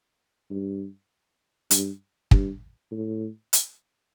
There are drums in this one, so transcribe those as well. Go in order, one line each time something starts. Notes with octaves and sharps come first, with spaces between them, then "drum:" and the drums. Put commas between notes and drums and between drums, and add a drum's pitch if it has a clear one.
G2
G2, drum: hi-hat
G2, drum: kick
A2
drum: hi-hat